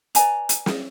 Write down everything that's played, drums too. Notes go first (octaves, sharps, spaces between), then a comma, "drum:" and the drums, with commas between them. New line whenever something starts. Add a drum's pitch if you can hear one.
B4 D5 G#5 A#5, drum: hi-hat
drum: hi-hat
drum: snare